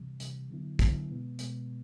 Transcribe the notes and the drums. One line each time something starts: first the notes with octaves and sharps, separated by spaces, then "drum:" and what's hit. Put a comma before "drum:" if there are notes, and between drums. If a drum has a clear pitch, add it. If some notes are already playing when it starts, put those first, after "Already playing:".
Already playing: C#2 C3 E3 G3
C#2 C3 E3 G3, drum: hi-hat
D3 F#3 B3 E4
D3 F#3 B3 E4, drum: kick, hi-hat
B2 G#3 B3
B2 G#3 B3, drum: hi-hat